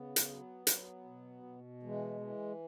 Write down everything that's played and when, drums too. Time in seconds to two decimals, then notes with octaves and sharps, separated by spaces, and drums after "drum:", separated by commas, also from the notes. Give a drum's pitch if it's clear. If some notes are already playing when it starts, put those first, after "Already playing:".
Already playing: C#3 B3
0.16 drum: hi-hat
0.28 F#3
0.67 F#3, drum: hi-hat
1.04 B2
1.43 B2
1.83 E3 G#3
2.20 E3